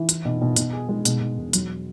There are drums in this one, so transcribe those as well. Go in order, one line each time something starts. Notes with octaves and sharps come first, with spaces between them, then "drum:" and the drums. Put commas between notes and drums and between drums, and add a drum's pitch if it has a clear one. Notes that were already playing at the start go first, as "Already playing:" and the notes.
Already playing: E3
E4, drum: hi-hat
B2
B2
B2, drum: hi-hat
G#4
G#3
B2, drum: hi-hat
B2
E1
F#3, drum: hi-hat